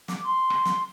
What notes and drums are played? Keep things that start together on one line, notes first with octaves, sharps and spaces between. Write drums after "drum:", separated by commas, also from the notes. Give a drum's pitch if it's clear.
D6, drum: snare
C6
drum: rim click
drum: snare